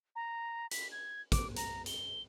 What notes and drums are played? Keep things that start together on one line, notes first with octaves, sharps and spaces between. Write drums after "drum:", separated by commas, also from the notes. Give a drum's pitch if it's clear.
A#5
B6, drum: hi-hat
G#6
D6, drum: kick, hi-hat
A#5, drum: hi-hat
G7, drum: hi-hat